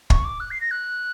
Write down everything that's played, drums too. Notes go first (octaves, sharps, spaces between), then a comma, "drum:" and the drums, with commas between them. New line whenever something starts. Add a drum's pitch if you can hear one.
C#6, drum: kick
D6
F#6
C7
A#6
F#6